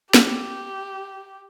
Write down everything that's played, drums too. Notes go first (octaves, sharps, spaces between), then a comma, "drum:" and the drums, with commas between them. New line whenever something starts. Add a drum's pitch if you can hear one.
G4, drum: snare